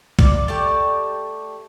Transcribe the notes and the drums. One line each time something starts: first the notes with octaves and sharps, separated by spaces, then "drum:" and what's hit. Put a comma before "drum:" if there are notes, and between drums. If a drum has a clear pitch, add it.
A#2 D5, drum: kick B1
A3 G4 D5 A5